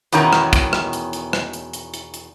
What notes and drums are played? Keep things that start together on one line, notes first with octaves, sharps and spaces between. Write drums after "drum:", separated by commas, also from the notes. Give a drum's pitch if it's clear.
E2 B2 D#3 C#4 A#5, drum: hi-hat
drum: rim click
drum: kick, hi-hat
drum: rim click
drum: hi-hat
drum: hi-hat
drum: rim click
drum: hi-hat
drum: hi-hat
drum: hi-hat
drum: hi-hat